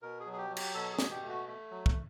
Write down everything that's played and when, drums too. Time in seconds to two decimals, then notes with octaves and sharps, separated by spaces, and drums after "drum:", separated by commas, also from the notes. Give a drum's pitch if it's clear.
0.02 B2 A#4
0.20 G#4
0.26 F#3
0.33 G#4
0.38 G4
0.50 F#3
0.57 G4, drum: cymbal
0.74 B2 A4
0.93 G#4
0.99 B2, drum: snare
1.11 G4
1.22 A3
1.29 F#4
1.47 A3
1.71 F#3
1.86 drum: kick